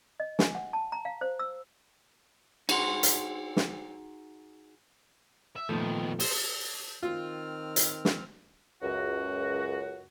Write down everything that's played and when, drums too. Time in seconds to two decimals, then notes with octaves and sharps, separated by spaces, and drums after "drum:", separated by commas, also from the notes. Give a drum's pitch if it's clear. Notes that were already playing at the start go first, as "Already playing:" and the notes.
0.20 D#5
0.39 G#5, drum: snare
0.55 F#5
0.73 A5
0.92 A#5
1.05 F5
1.21 C5
1.39 E6
2.69 D#4 F#4 G#4 F#5 A5 C6, drum: cymbal
3.03 drum: hi-hat
3.57 drum: snare
5.56 E5
5.69 A#2 D#3 F3 A3 B3
6.20 C5, drum: open hi-hat
7.03 D#3 C4 F4 F6
7.76 drum: hi-hat
8.05 drum: snare
8.82 C#2 F#2 F#4